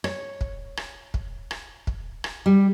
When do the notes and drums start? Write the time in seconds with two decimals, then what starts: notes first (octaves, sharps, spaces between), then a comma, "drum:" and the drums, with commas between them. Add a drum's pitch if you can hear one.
0.04 C#5, drum: rim click
0.41 drum: kick
0.77 drum: rim click
1.14 drum: kick
1.51 drum: rim click
1.87 drum: kick
2.24 drum: rim click
2.46 G3